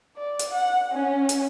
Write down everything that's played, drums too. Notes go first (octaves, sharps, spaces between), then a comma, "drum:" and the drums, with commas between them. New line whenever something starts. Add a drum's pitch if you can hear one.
D5
drum: hi-hat
F#5
C#4
drum: hi-hat